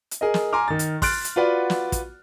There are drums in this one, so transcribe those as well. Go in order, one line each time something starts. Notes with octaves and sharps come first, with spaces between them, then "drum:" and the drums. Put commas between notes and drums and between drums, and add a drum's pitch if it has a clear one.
drum: hi-hat
G#4 A#4 D#5
drum: snare
G#5 A#5 C6 D6 F6
D#3 A6
drum: hi-hat
C6 F6 F#6 A6 D7, drum: kick, open hi-hat
drum: hi-hat
F4 F#4 B4 D5 F#5
drum: snare
drum: kick, hi-hat